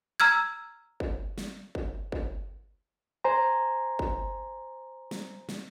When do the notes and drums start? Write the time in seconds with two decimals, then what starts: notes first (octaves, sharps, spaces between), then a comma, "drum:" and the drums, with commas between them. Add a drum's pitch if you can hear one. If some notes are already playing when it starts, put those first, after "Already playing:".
0.20 A#5 E6 F6 G#6
1.00 drum: kick
1.38 drum: snare
1.75 drum: kick
2.12 drum: kick
3.24 C5 G#5 A#5
3.99 drum: kick
5.11 drum: snare
5.49 drum: snare